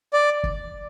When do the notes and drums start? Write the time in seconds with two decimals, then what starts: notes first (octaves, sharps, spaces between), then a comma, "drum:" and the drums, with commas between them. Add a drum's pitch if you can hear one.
0.13 D5
0.44 drum: kick